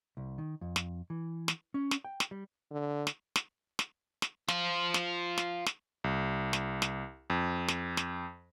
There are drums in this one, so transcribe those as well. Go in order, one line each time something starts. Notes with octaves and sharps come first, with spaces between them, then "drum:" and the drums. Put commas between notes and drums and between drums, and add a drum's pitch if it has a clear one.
C2
D#3
F2
drum: snare
E3
drum: snare
C#4
drum: snare
G5
drum: snare
G3
D3
drum: snare
drum: snare
drum: snare
drum: snare
F4 C5, drum: snare
drum: snare
drum: snare
drum: snare
C2
drum: snare
drum: snare
F2
drum: snare
drum: snare